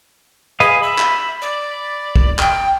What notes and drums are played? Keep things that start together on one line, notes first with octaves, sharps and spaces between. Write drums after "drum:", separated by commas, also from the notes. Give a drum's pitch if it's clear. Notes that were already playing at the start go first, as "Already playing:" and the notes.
G#4 B4 D#5 F5
E5 B5
drum: clap
D5
drum: kick
G5, drum: clap